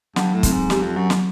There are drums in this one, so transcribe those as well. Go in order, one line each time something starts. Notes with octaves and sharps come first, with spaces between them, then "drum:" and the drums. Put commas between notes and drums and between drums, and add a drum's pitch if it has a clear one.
G2 F#3, drum: snare
A2
C4, drum: kick, hi-hat
G#2
G4, drum: snare
F2
F#2 F#3
drum: snare